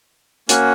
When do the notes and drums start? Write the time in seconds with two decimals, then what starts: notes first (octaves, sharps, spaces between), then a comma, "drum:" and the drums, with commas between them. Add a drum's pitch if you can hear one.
0.49 A#3 C#4 F#4, drum: hi-hat